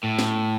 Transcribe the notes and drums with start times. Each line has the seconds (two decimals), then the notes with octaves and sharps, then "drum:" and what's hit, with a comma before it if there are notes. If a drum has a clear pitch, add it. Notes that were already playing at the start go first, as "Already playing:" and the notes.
0.03 A2
0.19 drum: snare